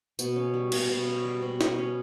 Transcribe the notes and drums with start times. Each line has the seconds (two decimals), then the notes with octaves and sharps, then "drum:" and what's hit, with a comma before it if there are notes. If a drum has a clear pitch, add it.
0.19 B2, drum: tambourine
0.36 C#4
0.54 G3
0.72 B2, drum: cymbal
0.89 B2
1.07 C#4
1.25 G3
1.42 B2
1.61 B2, drum: snare
1.79 C#4